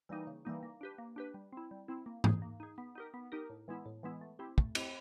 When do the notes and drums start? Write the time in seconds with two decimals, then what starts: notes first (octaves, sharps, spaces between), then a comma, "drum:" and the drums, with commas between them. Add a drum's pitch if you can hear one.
0.09 E3 G3 A#3 D#4
0.27 C#3
0.45 E3 G3 A#3 D#4
0.63 A#3
0.81 D4 G4 B4
0.98 A#3
1.16 D4 G4 B4
1.34 G3
1.53 C4 E4
1.71 G3
1.88 C4 E4
2.06 A#3
2.24 D#4 G#4, drum: tom G#2
2.42 A#3
2.60 D#4 G#4
2.78 B3
2.95 D#4 G4 A#4
3.14 B3
3.32 D#4 G4 A#4
3.50 A2
3.68 E3 G#3 B3 E4
3.86 A2
4.03 E3 G#3 B3 E4
4.21 A3
4.39 C4 E4 G4
4.58 A3, drum: kick
4.75 C4 E4 G4, drum: cymbal